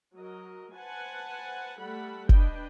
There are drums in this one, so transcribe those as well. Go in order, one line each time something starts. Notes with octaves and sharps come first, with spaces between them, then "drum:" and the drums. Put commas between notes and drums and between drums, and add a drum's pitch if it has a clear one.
F#3 A#4 D#5
B4 C5 F#5 G#5 A5
G3 A3 A4 F#5 B5
D4 B4 D#5 G5, drum: kick